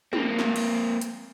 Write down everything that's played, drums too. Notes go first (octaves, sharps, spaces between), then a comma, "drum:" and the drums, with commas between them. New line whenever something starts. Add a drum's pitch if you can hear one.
A#3 C4, drum: tom
drum: snare
drum: cymbal
drum: hi-hat